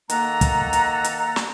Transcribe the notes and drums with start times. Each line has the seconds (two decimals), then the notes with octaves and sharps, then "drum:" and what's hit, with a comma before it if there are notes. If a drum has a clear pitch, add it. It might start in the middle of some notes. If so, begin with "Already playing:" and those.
0.10 D#3 A#3 A4 F#5 A#5, drum: hi-hat
0.41 drum: kick, hi-hat
0.73 drum: hi-hat
1.04 drum: hi-hat
1.36 drum: snare